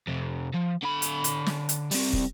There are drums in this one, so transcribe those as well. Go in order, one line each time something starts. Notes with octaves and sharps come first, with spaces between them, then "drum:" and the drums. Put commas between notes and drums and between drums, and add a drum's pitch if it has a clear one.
F2 C3
F3
D3 B5
drum: hi-hat
drum: hi-hat
drum: snare
drum: hi-hat
G3 C4, drum: open hi-hat
drum: kick